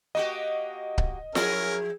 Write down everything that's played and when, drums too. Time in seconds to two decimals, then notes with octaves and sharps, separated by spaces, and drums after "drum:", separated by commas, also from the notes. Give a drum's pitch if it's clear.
0.15 A#3 F#4 G4 D#5
0.98 drum: kick C#1
1.35 F3 C#4 E4 G#4 A#4, drum: snare